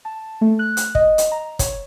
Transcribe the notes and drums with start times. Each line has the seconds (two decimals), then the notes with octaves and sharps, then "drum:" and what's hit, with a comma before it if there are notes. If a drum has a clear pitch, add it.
0.05 A5
0.41 A3
0.59 F#6
0.77 drum: hi-hat
0.95 D#5, drum: kick
1.18 drum: hi-hat
1.32 A#5
1.59 C#5, drum: kick, hi-hat